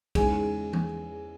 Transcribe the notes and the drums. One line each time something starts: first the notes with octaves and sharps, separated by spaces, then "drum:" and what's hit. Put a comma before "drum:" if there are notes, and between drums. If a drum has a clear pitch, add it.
E2 C#3 G#3 D#4 G#4 G#5, drum: kick, cymbal
drum: tom